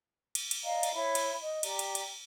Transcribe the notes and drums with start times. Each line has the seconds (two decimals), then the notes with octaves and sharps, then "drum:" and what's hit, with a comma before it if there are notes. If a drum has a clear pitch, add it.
0.35 drum: cymbal
0.51 drum: cymbal
0.64 D5 D#5 F5 A#5
0.83 drum: cymbal
0.93 E4 C#5 E5 B5
1.15 drum: cymbal
1.38 D#5
1.63 G4 D5 A#5, drum: cymbal
1.79 drum: cymbal
1.95 drum: cymbal